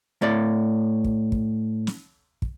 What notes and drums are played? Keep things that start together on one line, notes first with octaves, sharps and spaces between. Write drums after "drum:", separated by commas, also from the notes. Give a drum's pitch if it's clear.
A2 D5
drum: kick
drum: kick
drum: snare
drum: kick